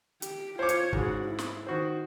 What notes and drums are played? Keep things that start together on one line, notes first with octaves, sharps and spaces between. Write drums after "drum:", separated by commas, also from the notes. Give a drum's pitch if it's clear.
G4, drum: hi-hat
F4 C5 C#5 D6
drum: hi-hat
G#2 C#3 F#4, drum: kick
E4
drum: snare
D#3 F#4 C5